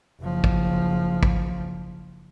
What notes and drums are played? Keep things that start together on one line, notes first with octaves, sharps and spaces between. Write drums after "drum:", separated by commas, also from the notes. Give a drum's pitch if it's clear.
F#1 F3
drum: kick
drum: kick